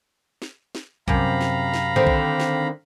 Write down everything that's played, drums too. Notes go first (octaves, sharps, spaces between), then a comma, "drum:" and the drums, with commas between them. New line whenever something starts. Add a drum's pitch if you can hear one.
drum: snare
drum: snare
F#2 C3 F5 A#5 B5, drum: kick B1
drum: snare
drum: snare
D3 D#3 C4
drum: kick B1
drum: snare